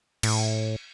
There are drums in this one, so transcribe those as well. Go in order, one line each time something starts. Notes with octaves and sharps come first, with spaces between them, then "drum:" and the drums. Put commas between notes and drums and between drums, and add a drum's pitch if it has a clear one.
A2, drum: cymbal